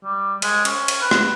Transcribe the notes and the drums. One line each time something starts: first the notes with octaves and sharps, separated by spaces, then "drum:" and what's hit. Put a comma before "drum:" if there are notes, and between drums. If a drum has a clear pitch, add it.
G3
G#3, drum: cymbal
C#4, drum: cymbal
drum: cymbal
B4
drum: rim click